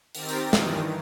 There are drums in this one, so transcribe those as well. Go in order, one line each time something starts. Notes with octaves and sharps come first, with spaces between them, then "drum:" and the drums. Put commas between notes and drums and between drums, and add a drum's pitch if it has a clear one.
D#3 C4 G4 A#4 A6, drum: open hi-hat
drum: tambourine
G2 D#3 E3, drum: snare